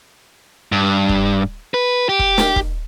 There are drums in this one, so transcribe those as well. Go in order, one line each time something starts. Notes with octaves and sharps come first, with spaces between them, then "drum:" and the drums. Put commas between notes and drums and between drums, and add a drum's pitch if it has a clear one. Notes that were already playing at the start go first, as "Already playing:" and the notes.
G2
drum: kick
B4
G4
drum: kick
drum: snare
drum: kick